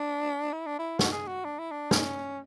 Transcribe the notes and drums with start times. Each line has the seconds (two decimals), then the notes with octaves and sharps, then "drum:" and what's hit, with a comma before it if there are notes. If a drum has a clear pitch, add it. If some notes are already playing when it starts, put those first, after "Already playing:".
Already playing: D4
0.53 E4
0.66 D4
0.79 E4
0.99 F#4, drum: snare
1.12 G#4
1.27 F#4
1.45 D4
1.59 E4
1.71 D4
1.91 C#4, drum: snare